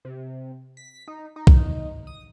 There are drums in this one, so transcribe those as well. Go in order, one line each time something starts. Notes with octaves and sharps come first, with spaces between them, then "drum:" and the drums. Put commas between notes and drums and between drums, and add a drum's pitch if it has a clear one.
C3
B6
D#4
D#4
drum: kick
D#6